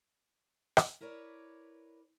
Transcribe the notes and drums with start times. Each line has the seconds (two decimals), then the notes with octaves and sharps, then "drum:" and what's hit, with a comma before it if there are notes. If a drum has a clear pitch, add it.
0.77 drum: rim click
1.00 E4 A#4 B4 C#5 D5